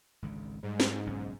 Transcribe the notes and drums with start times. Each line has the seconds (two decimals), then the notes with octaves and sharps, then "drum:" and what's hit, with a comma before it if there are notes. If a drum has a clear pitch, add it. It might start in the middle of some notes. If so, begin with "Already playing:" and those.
0.22 G#1 C#2 D3
0.63 G#2 G3
0.80 drum: snare
1.06 F#1 B1 C#4